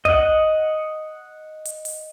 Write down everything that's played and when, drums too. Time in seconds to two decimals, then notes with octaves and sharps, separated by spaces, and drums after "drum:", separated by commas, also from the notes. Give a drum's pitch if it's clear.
0.05 D#5 F#5, drum: kick
1.65 drum: hi-hat
1.85 drum: open hi-hat